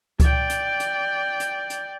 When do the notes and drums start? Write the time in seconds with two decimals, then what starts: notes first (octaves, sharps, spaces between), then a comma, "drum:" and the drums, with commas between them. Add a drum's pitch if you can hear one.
0.20 D5 G5, drum: kick C#2, hi-hat
0.50 drum: hi-hat
0.80 drum: hi-hat
1.40 drum: hi-hat
1.70 drum: hi-hat